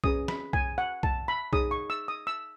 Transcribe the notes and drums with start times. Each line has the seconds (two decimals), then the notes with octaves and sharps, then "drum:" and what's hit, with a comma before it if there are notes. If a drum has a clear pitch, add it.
0.04 C#4 G#4 B4 D#6, drum: kick B1
0.28 B5, drum: snare
0.53 G#5, drum: kick B1
0.78 F#5
1.03 A5, drum: kick B1
1.28 B5
1.53 D#4 G#4 C#5 D#6, drum: kick B1
1.71 C#6
1.90 E6
2.08 D#6
2.27 E6